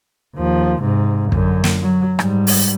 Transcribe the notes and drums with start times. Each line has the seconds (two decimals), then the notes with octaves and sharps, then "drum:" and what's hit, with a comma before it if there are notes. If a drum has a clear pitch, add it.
0.36 D#2 F3
0.81 G#2 C3
1.32 F#2 D3, drum: kick
1.64 drum: snare
1.82 F#3
2.19 G#2 G3, drum: rim click
2.47 drum: open hi-hat